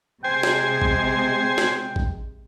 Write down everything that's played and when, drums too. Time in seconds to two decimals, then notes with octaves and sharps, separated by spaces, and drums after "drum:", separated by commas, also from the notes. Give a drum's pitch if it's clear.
0.24 C3 G#3 C5 G5 G#5
0.43 drum: snare
0.82 drum: kick A1
1.58 drum: snare
1.96 drum: kick A1